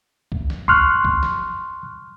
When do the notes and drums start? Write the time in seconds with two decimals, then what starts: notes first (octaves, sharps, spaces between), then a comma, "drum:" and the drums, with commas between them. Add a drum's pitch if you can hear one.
0.32 drum: kick C2
0.50 drum: snare
0.68 C6 C#6 F6 F#6, drum: kick C2
1.05 drum: kick C2
1.23 drum: snare